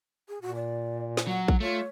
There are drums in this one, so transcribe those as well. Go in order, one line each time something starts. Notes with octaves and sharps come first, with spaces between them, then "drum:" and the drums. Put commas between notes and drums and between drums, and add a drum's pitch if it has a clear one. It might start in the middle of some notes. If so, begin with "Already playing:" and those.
G#4
A#2 F#4
D5
drum: snare
F#3 F#5
drum: kick
A3 F4 C#5